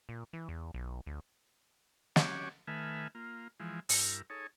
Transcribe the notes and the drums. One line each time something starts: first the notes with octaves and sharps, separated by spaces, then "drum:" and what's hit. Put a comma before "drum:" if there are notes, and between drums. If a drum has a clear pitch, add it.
A#2
E3
E2
B1
D2
F#3 C#4 G4 C#5 D6, drum: snare
D#3 A3 B4 E5 G#5 F6
A#3 F4
E3 F3 G#3
G2 E4 A#4, drum: open hi-hat
D#4 G#4 A4 C#5